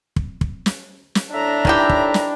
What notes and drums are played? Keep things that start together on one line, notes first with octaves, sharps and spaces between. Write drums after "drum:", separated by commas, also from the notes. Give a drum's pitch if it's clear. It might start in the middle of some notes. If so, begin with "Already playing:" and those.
drum: kick
drum: kick
drum: snare
drum: snare
A2 D4 E5 A#5
D#3 E3 G4, drum: kick
drum: kick
drum: snare